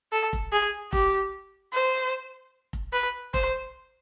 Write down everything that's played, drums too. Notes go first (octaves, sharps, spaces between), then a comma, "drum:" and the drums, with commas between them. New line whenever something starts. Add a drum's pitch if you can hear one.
A4
drum: kick F1
G#4
G4, drum: kick F1
C5
drum: kick F1
B4
C5, drum: kick F1